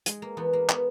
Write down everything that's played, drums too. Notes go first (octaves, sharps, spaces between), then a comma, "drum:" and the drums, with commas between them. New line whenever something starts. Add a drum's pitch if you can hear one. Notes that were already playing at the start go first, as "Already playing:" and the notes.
G#3, drum: hi-hat
A#3
E2 B3
A#3
B3, drum: clap